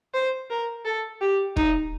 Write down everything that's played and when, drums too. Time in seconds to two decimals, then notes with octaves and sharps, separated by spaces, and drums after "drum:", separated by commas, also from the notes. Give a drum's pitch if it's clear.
0.14 C5
0.50 A#4
0.85 A4
1.21 G4
1.56 D#4, drum: kick